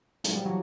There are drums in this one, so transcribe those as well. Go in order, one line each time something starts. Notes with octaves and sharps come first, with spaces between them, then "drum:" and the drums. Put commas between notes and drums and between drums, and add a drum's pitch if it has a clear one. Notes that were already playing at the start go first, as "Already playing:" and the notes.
F#3 G#3, drum: hi-hat
F3 G3
E3 F#3